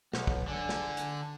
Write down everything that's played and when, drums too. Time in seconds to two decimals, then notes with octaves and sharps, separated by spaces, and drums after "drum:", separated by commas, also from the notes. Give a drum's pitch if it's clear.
0.14 B1 F#5, drum: snare
0.27 drum: kick
0.48 D3 G#5
0.69 drum: snare
0.97 drum: hi-hat